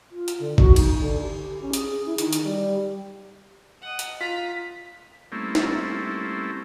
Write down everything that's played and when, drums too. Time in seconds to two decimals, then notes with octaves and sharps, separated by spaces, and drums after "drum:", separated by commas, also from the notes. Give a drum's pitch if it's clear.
0.11 F4
0.28 drum: hi-hat
0.39 D3
0.58 F#4, drum: kick
0.76 D#4, drum: cymbal
1.00 D3
1.22 G4
1.62 C#4
1.73 G#4, drum: hi-hat
2.06 E4
2.18 D#3, drum: hi-hat
2.33 drum: hi-hat
2.44 G3
3.82 D#5 F#5
3.99 drum: hi-hat
4.21 F4 A#5 B6
5.32 G3 A3 A#3 C4 C#4 E4
5.55 drum: snare